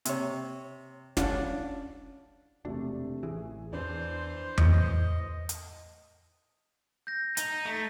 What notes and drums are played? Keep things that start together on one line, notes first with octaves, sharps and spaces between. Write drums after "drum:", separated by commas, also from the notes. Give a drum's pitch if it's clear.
C3 C#5, drum: hi-hat
C#4 D4 F5 F#5, drum: snare
E1 C3 A3 D4
A1 E3 G#4
E2 E3 D4 C5
A2 D#5 C#7, drum: tom E2
drum: hi-hat
G6 A#6
D#4, drum: hi-hat
A3